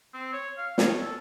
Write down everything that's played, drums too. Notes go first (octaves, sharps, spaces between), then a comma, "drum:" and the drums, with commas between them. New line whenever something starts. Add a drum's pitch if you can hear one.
C4
C#5
F5
C#5, drum: snare
A4